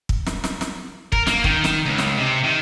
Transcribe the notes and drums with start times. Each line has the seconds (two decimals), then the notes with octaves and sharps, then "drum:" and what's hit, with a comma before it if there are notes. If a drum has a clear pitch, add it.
0.09 drum: kick
0.26 drum: snare
0.44 drum: snare
0.61 drum: snare
1.12 A#4, drum: kick
1.27 A#3, drum: snare
1.44 D#3, drum: kick
1.64 drum: snare
1.86 C#2
1.98 drum: snare
2.17 C3
2.44 D#3